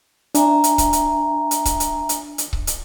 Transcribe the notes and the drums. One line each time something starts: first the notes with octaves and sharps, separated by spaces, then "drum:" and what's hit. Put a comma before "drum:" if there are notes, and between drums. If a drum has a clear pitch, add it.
D4 E5 G#5 A#5, drum: hi-hat
drum: hi-hat
drum: kick C#1, hi-hat
drum: hi-hat
drum: hi-hat
drum: kick C#1, hi-hat
drum: hi-hat
drum: hi-hat
drum: hi-hat
drum: kick C#1
drum: hi-hat